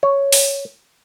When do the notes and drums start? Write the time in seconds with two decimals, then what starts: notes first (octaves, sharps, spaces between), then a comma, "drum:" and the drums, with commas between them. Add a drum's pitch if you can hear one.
0.03 C#5
0.33 drum: open hi-hat